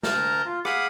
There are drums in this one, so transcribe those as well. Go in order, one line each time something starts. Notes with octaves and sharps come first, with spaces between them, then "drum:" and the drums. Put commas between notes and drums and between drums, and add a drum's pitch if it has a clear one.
D2 A#4 A5 A#5 G6, drum: snare
F4
G#4 F5 F#5 B5 D6 D#6, drum: rim click